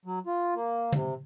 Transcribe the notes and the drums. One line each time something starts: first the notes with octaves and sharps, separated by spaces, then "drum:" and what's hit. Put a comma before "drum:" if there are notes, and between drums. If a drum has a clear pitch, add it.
F#3
F4
A#3
C3, drum: tom